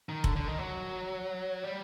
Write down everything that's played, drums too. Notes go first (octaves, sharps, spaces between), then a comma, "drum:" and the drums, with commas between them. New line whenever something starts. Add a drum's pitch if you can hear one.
D#3
D3, drum: kick F1
D3
D#3
F#3
G3